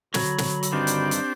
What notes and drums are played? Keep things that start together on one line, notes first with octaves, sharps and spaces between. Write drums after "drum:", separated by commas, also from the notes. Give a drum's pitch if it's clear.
D3 F#3 F#4 B5, drum: snare
drum: snare
drum: hi-hat
G2 D#3 C4 D4 G4
drum: hi-hat
drum: hi-hat